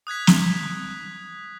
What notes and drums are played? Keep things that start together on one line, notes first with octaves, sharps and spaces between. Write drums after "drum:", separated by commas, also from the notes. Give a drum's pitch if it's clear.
D#6 F#6 G#6 B6
drum: snare